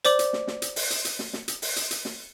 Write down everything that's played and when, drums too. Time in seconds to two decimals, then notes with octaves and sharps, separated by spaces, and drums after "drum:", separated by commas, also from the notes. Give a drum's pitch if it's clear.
0.05 C5 D5 D6 F#7, drum: hi-hat
0.19 drum: hi-hat
0.33 drum: snare
0.48 drum: snare
0.62 drum: hi-hat
0.76 drum: open hi-hat
0.90 drum: hi-hat
1.05 drum: hi-hat
1.19 drum: snare
1.33 drum: snare
1.48 drum: hi-hat
1.62 drum: open hi-hat
1.76 drum: hi-hat
1.91 drum: hi-hat
2.05 drum: snare